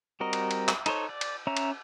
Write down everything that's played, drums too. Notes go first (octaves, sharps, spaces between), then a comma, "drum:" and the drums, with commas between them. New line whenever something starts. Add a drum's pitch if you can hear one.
G3 C4 F#4 A#4 D#5
drum: cymbal
drum: cymbal
drum: clap
D#4 A4 C5 C#5, drum: cymbal
D5
drum: cymbal
C#4 C#5 E5 A#5
drum: cymbal